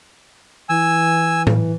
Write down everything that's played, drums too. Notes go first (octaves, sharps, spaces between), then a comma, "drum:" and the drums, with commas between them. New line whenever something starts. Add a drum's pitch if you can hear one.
E3 G#5 E6
drum: tom A2